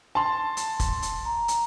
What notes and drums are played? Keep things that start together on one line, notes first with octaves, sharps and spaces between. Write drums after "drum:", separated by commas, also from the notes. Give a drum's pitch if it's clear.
A5 C6
drum: hi-hat
drum: kick, hi-hat
drum: hi-hat
A#5
drum: hi-hat